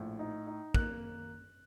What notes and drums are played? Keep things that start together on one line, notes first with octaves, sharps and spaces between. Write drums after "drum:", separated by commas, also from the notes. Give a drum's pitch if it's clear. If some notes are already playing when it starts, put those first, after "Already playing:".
Already playing: A#1 A2
D#4
D#4
A#3 F#6, drum: kick